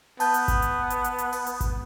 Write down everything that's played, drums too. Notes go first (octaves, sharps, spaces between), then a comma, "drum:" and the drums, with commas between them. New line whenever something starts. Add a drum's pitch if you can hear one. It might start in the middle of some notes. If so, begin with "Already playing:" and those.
B3 A5 G6, drum: open hi-hat
drum: hi-hat
drum: kick G#1, hi-hat
drum: hi-hat
drum: hi-hat
drum: hi-hat
drum: hi-hat
drum: open hi-hat
drum: hi-hat
drum: kick G#1, hi-hat